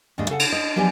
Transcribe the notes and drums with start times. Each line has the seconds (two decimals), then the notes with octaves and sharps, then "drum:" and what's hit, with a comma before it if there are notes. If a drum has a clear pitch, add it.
0.18 D#2 G#2 A3 D4 D#5
0.30 C#3 A4 F#5
0.39 drum: cymbal
0.52 D#5
0.76 F3 F#3 B3 G4 D5 G#5